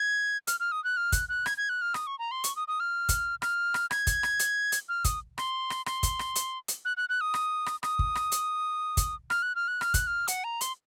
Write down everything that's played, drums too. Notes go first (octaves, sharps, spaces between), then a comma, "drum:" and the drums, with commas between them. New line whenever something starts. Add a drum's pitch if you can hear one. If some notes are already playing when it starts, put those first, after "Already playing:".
Already playing: G#6
F6, drum: hi-hat
F6
D#6
F#6
F6
F#6, drum: kick, hi-hat
F#6
G#6, drum: rim click
G#6
F#6
F6
D#6, drum: rim click
C#6
A#5
C6
C#6, drum: hi-hat
D#6
D#6
F6
drum: kick, hi-hat
F6, drum: rim click
drum: rim click
G#6, drum: rim click
drum: kick, hi-hat
drum: rim click
drum: hi-hat
drum: hi-hat
F6
D#6, drum: kick, hi-hat
C6, drum: rim click
drum: rim click
C6, drum: rim click
drum: kick, hi-hat
drum: rim click
drum: hi-hat
drum: hi-hat
F#6
F#6
F#6
D#6
drum: rim click
drum: rim click
D#6, drum: rim click
drum: kick
drum: rim click
drum: hi-hat
drum: kick, hi-hat
F6, drum: rim click
F#6
F6
F#6
F6, drum: rim click
F#6, drum: kick, hi-hat
F6
F#5, drum: hi-hat
A#5
C6, drum: hi-hat